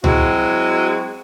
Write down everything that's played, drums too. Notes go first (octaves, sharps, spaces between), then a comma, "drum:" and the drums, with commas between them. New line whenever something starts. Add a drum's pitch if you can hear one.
F#3 G#3 C4 E4 F#4, drum: tom C#2